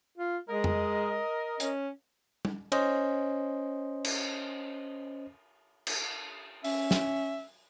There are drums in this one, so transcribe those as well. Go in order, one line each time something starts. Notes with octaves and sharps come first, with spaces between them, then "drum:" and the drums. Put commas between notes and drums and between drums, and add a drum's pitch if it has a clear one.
F4
G#3 A#4 D#5
drum: tom F2
C#4, drum: hi-hat
drum: tom
C#4 C5 D#5, drum: cymbal
drum: cymbal
drum: cymbal
C#4 E5, drum: open hi-hat
drum: snare